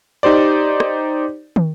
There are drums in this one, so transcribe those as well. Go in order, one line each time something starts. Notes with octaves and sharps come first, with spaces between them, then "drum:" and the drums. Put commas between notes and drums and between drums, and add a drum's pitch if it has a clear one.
D#4 G4 C5 D5
drum: rim click
drum: tom